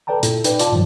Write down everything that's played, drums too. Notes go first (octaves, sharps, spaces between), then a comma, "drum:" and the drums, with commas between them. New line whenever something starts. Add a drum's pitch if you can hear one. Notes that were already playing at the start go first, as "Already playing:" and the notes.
A4 B4 D5 G5 A5 A#5
A#2 E4 A4, drum: hi-hat
D#4 B4 D5 G5, drum: hi-hat
F4 D5 F5 A5, drum: hi-hat
G2 A#2 D#3 F3 F#3